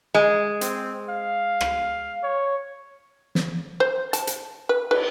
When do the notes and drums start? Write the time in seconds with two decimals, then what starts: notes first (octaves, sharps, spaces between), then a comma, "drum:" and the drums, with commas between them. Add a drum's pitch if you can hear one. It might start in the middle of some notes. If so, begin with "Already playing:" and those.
0.15 G#3
0.61 C4, drum: hi-hat
1.09 F5
1.61 drum: rim click
2.23 C#5
3.35 drum: snare
3.80 C5
4.13 A5, drum: hi-hat
4.27 drum: hi-hat
4.69 B4
4.91 B4, drum: cymbal